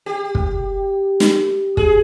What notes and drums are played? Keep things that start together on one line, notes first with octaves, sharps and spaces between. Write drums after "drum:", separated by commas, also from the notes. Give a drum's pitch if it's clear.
G4
drum: kick
drum: snare
G#4, drum: kick